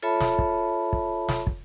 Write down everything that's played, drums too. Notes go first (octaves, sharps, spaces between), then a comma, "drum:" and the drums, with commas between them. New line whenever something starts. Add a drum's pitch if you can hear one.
F4 A4 C#5 E5 A5 B5
drum: snare
drum: kick
drum: kick
drum: snare
drum: kick